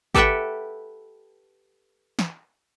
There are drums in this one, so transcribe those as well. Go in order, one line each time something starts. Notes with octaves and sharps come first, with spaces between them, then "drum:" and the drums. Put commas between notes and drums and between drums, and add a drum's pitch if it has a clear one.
G4 A4 B4 E5 F#5 G5, drum: kick G#1
drum: snare